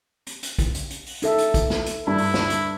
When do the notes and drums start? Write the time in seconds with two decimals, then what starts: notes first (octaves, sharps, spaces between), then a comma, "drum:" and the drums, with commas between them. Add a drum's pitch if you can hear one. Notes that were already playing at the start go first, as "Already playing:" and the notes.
0.27 drum: hi-hat
0.43 drum: hi-hat
0.59 drum: kick, hi-hat
0.74 drum: hi-hat
0.90 drum: hi-hat
1.06 drum: open hi-hat
1.22 D#4 A4 E5, drum: hi-hat
1.38 drum: hi-hat
1.54 drum: kick, hi-hat
1.70 drum: snare
1.86 drum: hi-hat
2.07 G2 E4 B5
2.18 drum: open hi-hat
2.34 drum: snare
2.50 drum: hi-hat